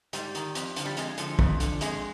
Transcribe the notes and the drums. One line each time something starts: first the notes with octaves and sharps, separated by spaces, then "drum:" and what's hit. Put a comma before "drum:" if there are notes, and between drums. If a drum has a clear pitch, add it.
G#2 G3, drum: hi-hat
D#3, drum: hi-hat
F2, drum: hi-hat
D3 F3, drum: hi-hat
G3
F2 G#3, drum: hi-hat
D3 F3, drum: hi-hat
F2, drum: kick
D3 F3, drum: hi-hat
F2 G#3, drum: hi-hat